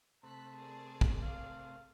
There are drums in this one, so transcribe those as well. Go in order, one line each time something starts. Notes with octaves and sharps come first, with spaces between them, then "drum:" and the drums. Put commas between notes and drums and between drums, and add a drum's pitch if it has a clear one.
C3 A3 C4 A5 F#6 B6
G#4 A#4 D5
drum: kick
F5